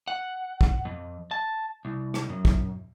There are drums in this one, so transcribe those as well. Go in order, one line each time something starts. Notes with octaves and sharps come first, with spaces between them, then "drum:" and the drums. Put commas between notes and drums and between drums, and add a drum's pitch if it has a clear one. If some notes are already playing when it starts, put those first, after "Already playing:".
F#5
drum: kick
F2
A5
C2
drum: rim click
F#2
drum: kick